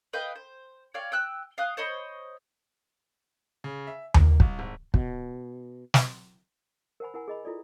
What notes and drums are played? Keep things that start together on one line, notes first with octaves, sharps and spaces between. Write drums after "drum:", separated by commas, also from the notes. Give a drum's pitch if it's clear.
B4 D#5 F5 G5
C5
C#5 D5 F5 G5
G5 E6 F#6
F5 G5 D#6 F#6
C5 C#5 D#5 B5
C#3
E5
A#3, drum: tom D#2
C2, drum: kick
G#1
B2, drum: kick
drum: snare
A#4 C5 F#5 G#5 B5
E4 A#4 F#5 G#5
G#4 D#5 B5
E4 F4 A4 D5